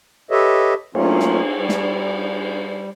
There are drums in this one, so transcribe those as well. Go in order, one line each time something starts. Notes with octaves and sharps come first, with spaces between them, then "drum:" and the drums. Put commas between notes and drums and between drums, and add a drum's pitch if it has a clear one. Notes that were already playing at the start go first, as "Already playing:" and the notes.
G4 A4 B4 C#5 D#5 E5
F#3 A3 A#3 C#4 F4, drum: cymbal
drum: snare
G3
drum: snare